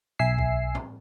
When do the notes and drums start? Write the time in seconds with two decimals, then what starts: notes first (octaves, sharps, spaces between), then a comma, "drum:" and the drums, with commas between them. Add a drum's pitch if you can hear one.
0.19 B1 E5 G#5 E6 C7
0.38 drum: kick C#2
0.75 drum: tom